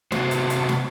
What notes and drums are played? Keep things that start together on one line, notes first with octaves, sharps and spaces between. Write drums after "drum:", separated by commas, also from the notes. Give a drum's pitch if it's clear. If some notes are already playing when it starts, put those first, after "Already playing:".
C3 B3 F#4 C5, drum: snare
drum: hi-hat
drum: hi-hat
drum: snare